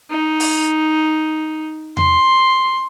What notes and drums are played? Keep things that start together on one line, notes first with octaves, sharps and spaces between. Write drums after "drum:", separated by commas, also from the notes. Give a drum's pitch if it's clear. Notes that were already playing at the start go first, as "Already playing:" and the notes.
D#4
drum: open hi-hat
C6, drum: tom E2